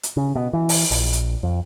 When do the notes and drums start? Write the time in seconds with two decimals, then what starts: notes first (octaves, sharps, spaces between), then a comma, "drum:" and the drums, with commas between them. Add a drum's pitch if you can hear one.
0.03 drum: hi-hat
0.17 C#3
0.35 B2
0.53 E3
0.69 drum: open hi-hat
0.91 A#1, drum: open hi-hat
1.13 drum: hi-hat
1.43 F2